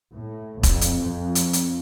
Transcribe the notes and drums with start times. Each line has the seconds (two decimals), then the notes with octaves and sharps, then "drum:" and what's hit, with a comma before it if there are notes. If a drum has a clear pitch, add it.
0.14 A2
0.63 F2, drum: kick E1, hi-hat
0.81 drum: hi-hat
1.05 F2
1.35 drum: hi-hat
1.53 drum: hi-hat